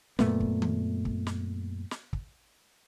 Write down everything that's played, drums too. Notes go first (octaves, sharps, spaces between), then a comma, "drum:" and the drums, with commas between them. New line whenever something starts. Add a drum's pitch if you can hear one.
F#2 A#2 A3 B3, drum: snare
drum: kick
drum: tom D#3
drum: kick
drum: snare
drum: snare
drum: kick